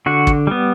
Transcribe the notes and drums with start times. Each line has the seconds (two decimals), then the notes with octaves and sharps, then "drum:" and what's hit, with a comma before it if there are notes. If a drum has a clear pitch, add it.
0.06 D3 F#4
0.27 drum: kick
0.47 G3 B3